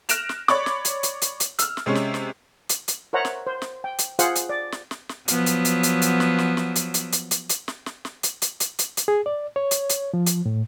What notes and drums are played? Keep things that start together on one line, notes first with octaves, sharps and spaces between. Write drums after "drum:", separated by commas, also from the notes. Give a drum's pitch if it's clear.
F6 F#6 A#6 D7 E7 F7, drum: hi-hat
drum: snare
C#5 D5 B5 C#6 D6, drum: snare
drum: snare
drum: hi-hat
drum: hi-hat
drum: hi-hat
drum: hi-hat
E6 F6, drum: hi-hat
drum: snare
C3 G#3 C#4
drum: snare
drum: snare
drum: hi-hat
drum: hi-hat
A#4 C5 C#5 E5 F#5 A#5
drum: snare
C5
drum: snare
G5
drum: hi-hat
F4 G#4 C5 F5 F#5, drum: hi-hat
drum: hi-hat
D5
drum: snare
drum: snare
drum: snare
F3 F#3 B3, drum: hi-hat
drum: hi-hat
drum: hi-hat
drum: hi-hat
drum: hi-hat
drum: snare
drum: snare
drum: snare
drum: hi-hat
drum: hi-hat
drum: hi-hat
drum: hi-hat
drum: hi-hat
drum: snare
drum: snare
drum: snare
drum: hi-hat
drum: hi-hat
drum: hi-hat
drum: hi-hat
drum: hi-hat
G#4
D5
C#5
drum: hi-hat
drum: hi-hat
F3
drum: hi-hat
A2